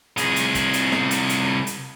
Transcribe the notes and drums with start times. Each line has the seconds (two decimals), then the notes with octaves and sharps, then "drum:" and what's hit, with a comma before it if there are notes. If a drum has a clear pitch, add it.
0.17 C2 G#4, drum: hi-hat
0.36 drum: hi-hat
0.55 drum: kick, hi-hat
0.73 drum: hi-hat
0.92 drum: snare
1.11 drum: hi-hat
1.29 drum: hi-hat
1.67 drum: hi-hat